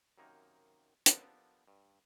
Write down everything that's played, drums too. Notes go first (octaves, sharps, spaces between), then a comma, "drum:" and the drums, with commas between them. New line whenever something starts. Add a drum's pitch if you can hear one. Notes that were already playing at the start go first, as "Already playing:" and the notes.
F#2 C3 D#3 A#3 D#4
F3 B3 D4 G4 A4 A#4, drum: hi-hat
G2